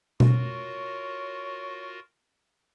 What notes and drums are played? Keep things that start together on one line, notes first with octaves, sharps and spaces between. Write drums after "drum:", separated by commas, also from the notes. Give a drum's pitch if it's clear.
F4 F#4 A#4 C#5, drum: tom B2